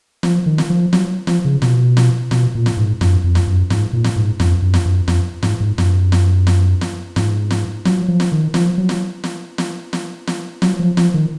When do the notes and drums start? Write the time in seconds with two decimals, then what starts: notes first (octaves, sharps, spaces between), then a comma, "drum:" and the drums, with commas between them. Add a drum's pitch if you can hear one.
0.23 F3, drum: snare
0.46 D#3
0.58 drum: snare
0.70 F3
0.93 F#3, drum: snare
1.27 F3, drum: snare
1.45 C#3
1.62 B2, drum: snare
1.97 drum: snare
2.31 B2, drum: snare
2.55 A#2
2.66 drum: snare
2.77 G#2
3.01 F#2, drum: snare
3.24 F2
3.35 drum: snare
3.47 F#2
3.70 G#2, drum: snare
3.93 A#2
4.04 drum: snare
4.16 G#2
4.40 F2, drum: snare
4.62 F#2
4.74 drum: snare
4.85 F#2
5.08 F2, drum: snare
5.43 G#2, drum: snare
5.60 G#2
5.78 F#2, drum: snare
6.12 drum: snare
6.47 drum: snare
6.81 drum: snare
7.16 G#2, drum: snare
7.51 drum: snare
7.85 F#3, drum: snare
8.08 F3
8.20 drum: snare
8.32 D#3
8.54 F3, drum: snare
8.78 F#3
8.89 drum: snare
9.24 drum: snare
9.58 drum: snare
9.93 drum: snare
10.27 drum: snare
10.62 F#3, drum: snare
10.79 F3
10.97 F3, drum: snare
11.14 D#3